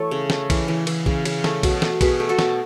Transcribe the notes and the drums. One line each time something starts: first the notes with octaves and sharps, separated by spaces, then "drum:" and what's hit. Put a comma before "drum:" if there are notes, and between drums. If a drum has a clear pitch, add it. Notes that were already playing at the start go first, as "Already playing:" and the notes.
Already playing: E3 A3 A4 C#5
C#3
A3, drum: snare
E3, drum: kick, cymbal
E3
E3, drum: cymbal
C#3, drum: kick
C#3, drum: cymbal
A3, drum: snare
B2, drum: kick, cymbal
A3, drum: snare
B2 G#4 B4, drum: kick, cymbal
A3
F#4 A4
B2, drum: snare